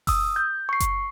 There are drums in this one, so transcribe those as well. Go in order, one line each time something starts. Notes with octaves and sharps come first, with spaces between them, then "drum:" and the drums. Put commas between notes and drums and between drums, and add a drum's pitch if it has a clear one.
D#6 E6, drum: kick F#1, open hi-hat
G6
C#6 C7
drum: kick F#1, hi-hat